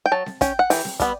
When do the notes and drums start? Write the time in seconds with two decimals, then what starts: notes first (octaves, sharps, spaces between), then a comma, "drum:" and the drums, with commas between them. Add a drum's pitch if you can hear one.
0.06 G5
0.12 F#3 A5
0.26 drum: snare C4
0.41 C#4 G5, drum: kick, hi-hat
0.59 F#5
0.70 E3 G5, drum: open hi-hat
0.85 drum: snare C4
1.00 G3 B3, drum: kick, hi-hat